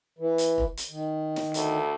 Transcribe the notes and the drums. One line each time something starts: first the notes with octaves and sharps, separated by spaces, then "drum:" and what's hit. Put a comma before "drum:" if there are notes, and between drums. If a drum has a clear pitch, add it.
E3
drum: hi-hat
drum: kick F1
drum: hi-hat
D#3
drum: snare
D2, drum: hi-hat